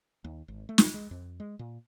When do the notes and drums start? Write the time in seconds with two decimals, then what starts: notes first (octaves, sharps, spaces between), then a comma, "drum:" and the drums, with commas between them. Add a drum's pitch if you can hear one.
0.24 D#2
0.48 G#1
0.69 A3
0.78 drum: snare
0.94 G#3
1.11 F2
1.40 G#3
1.59 A#2